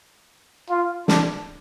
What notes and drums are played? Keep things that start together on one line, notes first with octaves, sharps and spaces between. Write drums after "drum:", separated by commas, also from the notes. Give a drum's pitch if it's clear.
F4
D4, drum: snare